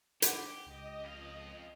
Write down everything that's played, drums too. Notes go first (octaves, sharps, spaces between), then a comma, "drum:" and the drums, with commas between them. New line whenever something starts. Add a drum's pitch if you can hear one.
D4 G4 F#5, drum: hi-hat
C#2 D#5
F2 F5